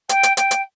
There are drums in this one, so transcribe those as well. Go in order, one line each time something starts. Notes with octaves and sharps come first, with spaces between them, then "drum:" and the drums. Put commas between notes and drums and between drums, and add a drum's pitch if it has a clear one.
G5, drum: hi-hat
drum: hi-hat
G5, drum: hi-hat
drum: hi-hat